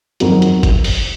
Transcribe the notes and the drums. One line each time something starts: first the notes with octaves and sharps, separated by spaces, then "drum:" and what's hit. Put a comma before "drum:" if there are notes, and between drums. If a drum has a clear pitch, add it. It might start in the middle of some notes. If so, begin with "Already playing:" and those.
F2 D#3 F#3 F#4 A#4, drum: hi-hat
drum: hi-hat
drum: kick, hi-hat
drum: open hi-hat